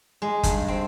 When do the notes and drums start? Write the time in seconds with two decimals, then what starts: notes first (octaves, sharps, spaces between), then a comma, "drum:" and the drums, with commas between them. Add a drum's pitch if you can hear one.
0.22 G#3
0.43 G2, drum: kick, hi-hat
0.68 C4